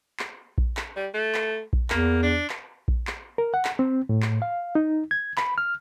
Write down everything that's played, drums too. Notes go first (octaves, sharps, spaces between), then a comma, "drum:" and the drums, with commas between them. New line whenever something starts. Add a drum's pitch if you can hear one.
drum: clap
drum: kick A#1
drum: clap
G3
A3
drum: clap
drum: kick A#1
E2 A#3, drum: clap
D4
drum: clap
drum: kick A#1
drum: clap
A#4
F#5
drum: clap
C4
A2
drum: clap
F5
D#4
G#6
B5, drum: clap
F6